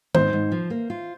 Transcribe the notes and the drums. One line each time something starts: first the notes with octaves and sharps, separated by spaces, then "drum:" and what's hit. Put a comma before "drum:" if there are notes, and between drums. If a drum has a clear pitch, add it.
G#2 C5, drum: tom D#3
G#2
F3
A#3
F4